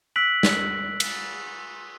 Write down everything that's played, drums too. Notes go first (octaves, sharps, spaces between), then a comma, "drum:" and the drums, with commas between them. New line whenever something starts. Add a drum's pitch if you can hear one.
E6 F#6 B6 D7 F#7
drum: snare
drum: cymbal